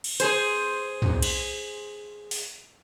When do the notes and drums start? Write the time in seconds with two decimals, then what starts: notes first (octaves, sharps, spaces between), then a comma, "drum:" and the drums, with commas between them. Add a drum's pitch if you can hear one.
0.04 drum: cymbal
0.20 G#4 C5, drum: hi-hat
1.02 drum: tom
1.22 drum: cymbal
2.31 drum: open hi-hat